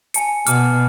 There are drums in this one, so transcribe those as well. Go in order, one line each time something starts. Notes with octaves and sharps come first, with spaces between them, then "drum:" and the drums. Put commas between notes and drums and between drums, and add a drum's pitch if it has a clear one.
G#5 A5 C#7, drum: hi-hat
B2 A5 D6 F6, drum: hi-hat